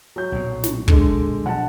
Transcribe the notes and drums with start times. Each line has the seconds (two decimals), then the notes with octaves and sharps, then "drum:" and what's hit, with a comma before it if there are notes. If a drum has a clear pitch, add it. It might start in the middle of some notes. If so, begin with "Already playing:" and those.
0.16 F#3 G6
0.32 B1 A#2
0.64 drum: snare
0.88 D3 G#3, drum: kick
1.46 B2 F3 F#5 A5